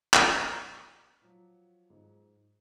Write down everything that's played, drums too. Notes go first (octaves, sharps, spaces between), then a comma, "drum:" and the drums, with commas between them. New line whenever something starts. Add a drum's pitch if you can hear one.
drum: clap
D6 B6 C#7
F3 F#3
G#2